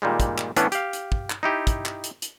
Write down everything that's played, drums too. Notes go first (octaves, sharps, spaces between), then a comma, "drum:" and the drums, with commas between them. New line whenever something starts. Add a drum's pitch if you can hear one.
A#2 D#3 G3 G#3
drum: kick, hi-hat
drum: clap
A2 E3 B3 C#4 D4, drum: hi-hat
G4 F5, drum: hi-hat
drum: hi-hat
drum: kick
drum: clap
D#4 E4 G4
drum: kick, hi-hat
drum: clap
drum: hi-hat
drum: hi-hat